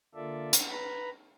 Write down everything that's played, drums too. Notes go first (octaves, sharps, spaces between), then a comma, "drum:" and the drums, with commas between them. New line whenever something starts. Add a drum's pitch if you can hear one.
D3 A#3 F4 A4 D5 E5
drum: hi-hat
B4 A#5 B5